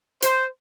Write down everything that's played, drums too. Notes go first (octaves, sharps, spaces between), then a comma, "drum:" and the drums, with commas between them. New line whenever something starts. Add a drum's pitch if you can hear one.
C5, drum: hi-hat